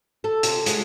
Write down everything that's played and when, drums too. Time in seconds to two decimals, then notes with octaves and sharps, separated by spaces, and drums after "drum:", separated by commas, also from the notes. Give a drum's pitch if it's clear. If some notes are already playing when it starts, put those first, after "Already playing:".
0.24 A4
0.43 C3, drum: hi-hat
0.66 G#3, drum: hi-hat